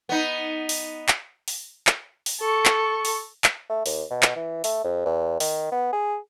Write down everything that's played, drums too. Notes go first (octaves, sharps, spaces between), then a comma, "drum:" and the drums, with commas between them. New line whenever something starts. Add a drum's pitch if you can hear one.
B3 D#4
drum: open hi-hat
drum: clap
drum: open hi-hat
drum: clap
drum: open hi-hat
A4 C#6
drum: clap
drum: open hi-hat
drum: clap
A3
D#2, drum: open hi-hat
B2
drum: clap
E3
A3, drum: open hi-hat
F2
E2
D#3, drum: open hi-hat
B3
G#4